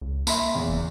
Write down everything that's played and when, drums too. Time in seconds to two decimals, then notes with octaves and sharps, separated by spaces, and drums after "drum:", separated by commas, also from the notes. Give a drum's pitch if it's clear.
0.01 C#2
0.27 A#3 E5 B5 C6, drum: tambourine
0.55 E2
0.69 F#1